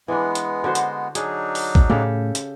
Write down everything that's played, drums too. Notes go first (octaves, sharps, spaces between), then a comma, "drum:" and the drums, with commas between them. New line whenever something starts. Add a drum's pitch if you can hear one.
E3 G#3 B3 D4
drum: hi-hat
D3 F#4 C5
drum: hi-hat
F#3 D4 D#4 G#4, drum: hi-hat
drum: open hi-hat
drum: kick A1
A2 C#3 A3 G4 A4
drum: hi-hat